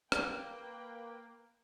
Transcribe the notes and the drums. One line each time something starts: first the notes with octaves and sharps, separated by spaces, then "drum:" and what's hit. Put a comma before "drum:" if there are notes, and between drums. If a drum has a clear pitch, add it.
A#3 B4 G5, drum: rim click